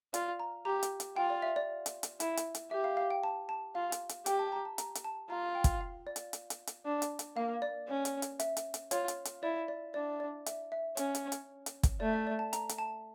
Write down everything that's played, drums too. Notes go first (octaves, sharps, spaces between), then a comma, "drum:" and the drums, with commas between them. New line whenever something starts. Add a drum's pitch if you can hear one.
F4 D5, drum: hi-hat
A#5
G4 A#5
drum: hi-hat
drum: hi-hat
F4 G5
D5
E5
D5
drum: hi-hat
drum: hi-hat
E4, drum: hi-hat
drum: hi-hat
drum: hi-hat
G4 E5
F5
F5
G5
A5
A5
F4 F5
drum: hi-hat
drum: hi-hat
G4 G5, drum: hi-hat
A5
A#5
A5
A#5, drum: hi-hat
drum: hi-hat
A5
F4 A#5
G5
drum: kick, hi-hat
F5
D5
drum: hi-hat
drum: hi-hat
drum: hi-hat
drum: hi-hat
D4
drum: hi-hat
drum: hi-hat
A#3 F5
D5
C#4
drum: hi-hat
drum: hi-hat
E5, drum: hi-hat
drum: hi-hat
drum: hi-hat
F4 C#5, drum: hi-hat
drum: hi-hat
drum: hi-hat
E4 D5
D5
D4 D5
D5
E5, drum: hi-hat
E5
C#4, drum: hi-hat
drum: hi-hat
drum: hi-hat
drum: hi-hat
drum: kick, hi-hat
A3 D5
E5
D5
A5
A#5, drum: hi-hat
drum: hi-hat
A5